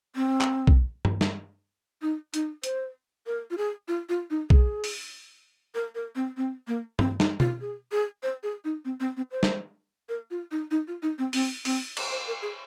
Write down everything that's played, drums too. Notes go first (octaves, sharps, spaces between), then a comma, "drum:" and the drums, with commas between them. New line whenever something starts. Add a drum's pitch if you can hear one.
C4
drum: clap
drum: kick B1
drum: tom G2
drum: snare
D#4
D#4, drum: hi-hat
C5, drum: hi-hat
A#4
F4
G#4
F4
F4
D#4
G#4, drum: kick B1
drum: open hi-hat
A#4
A#4
C4
C4
A#3
C4, drum: tom G2
D#4, drum: snare
F4, drum: tom B2
G#4
G#4
C5
G#4
D#4
C4
C4
C4
C5
drum: snare
A#4
F4
D#4
D#4
F4
D#4
C4
C4, drum: open hi-hat
C4, drum: open hi-hat
drum: cymbal
C5
A#4
G#4